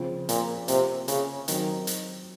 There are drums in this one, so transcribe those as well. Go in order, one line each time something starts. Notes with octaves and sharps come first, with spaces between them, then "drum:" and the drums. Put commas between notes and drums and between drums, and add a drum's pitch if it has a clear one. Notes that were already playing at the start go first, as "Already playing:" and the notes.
Already playing: C#3 F3 C4 F4 C5
A#2, drum: hi-hat
C3 A#3 F4 C5, drum: hi-hat
C#3, drum: hi-hat
D#3 F#3 C4 F#4 C5, drum: hi-hat
drum: hi-hat